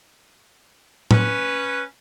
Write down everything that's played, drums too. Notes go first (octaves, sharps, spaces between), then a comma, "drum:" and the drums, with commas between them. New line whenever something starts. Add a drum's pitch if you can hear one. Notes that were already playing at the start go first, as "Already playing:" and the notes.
C#4 B4, drum: tom A2